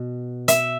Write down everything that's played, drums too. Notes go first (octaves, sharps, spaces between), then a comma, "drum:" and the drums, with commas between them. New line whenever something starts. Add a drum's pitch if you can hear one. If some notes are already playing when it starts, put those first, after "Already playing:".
Already playing: B2
E5, drum: hi-hat